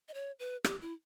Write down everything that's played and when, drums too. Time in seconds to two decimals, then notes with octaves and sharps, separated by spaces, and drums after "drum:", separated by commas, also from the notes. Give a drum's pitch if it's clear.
0.08 D#5
0.14 C#5
0.39 B4
0.64 G4, drum: rim click
0.81 E4